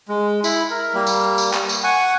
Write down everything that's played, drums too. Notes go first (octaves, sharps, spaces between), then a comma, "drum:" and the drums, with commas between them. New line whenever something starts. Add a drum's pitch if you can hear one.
G#3
E4 B5, drum: tambourine
A#4
G3 A#3
drum: tambourine
drum: tambourine
drum: clap
drum: tambourine
F#5 G#5 C#6